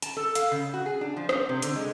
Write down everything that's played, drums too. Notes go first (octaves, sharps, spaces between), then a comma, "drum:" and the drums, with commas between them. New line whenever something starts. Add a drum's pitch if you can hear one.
A5, drum: hi-hat
A4
F5, drum: hi-hat
C#3
F#4
G#4
D4
F3
C4, drum: rim click
C3
D3, drum: hi-hat
G#3